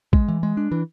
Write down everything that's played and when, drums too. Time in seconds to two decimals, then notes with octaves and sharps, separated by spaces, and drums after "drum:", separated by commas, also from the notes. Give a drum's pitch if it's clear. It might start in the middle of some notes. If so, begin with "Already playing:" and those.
0.13 G#3, drum: kick
0.28 E3
0.43 G#3
0.57 D4
0.72 E3